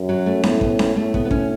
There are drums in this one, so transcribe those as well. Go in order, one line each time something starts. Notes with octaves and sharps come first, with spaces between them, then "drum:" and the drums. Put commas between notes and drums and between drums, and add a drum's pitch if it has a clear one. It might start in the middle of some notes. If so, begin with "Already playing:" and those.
Already playing: F#2
F#3
A3
A2 B3, drum: snare C#4
B3, drum: kick
C#4, drum: snare C#4
A2 A3
B3, drum: kick
B3
C#4, drum: kick